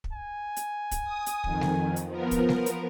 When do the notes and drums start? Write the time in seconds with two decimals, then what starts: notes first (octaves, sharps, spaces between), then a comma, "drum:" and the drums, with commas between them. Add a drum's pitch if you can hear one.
0.04 drum: kick
0.13 G#5
0.56 drum: hi-hat
0.91 drum: kick, hi-hat
1.04 D#6
1.26 drum: hi-hat
1.44 F2 D#3, drum: kick
1.61 drum: snare
1.96 drum: hi-hat
2.08 F3 B3 A#4
2.31 drum: kick, hi-hat
2.49 drum: snare
2.66 drum: hi-hat